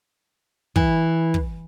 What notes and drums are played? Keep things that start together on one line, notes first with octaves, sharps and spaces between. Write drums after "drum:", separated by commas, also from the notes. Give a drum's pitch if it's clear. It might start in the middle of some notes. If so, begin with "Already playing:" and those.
E3, drum: kick
drum: kick